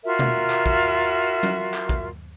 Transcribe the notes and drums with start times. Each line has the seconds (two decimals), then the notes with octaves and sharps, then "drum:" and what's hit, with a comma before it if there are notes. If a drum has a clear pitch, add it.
0.04 F4 F#4 A#4 E5
0.19 drum: tom B2
0.50 drum: clap
0.66 drum: kick A#1
1.43 drum: tom F#3
1.74 drum: clap
1.89 drum: kick A#1